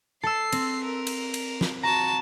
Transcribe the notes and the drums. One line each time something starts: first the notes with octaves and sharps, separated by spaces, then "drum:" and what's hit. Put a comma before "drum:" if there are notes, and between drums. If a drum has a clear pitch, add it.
A4 E6 C7
C4, drum: cymbal
A#4
drum: cymbal
drum: cymbal
drum: snare
F#4 A5 A#5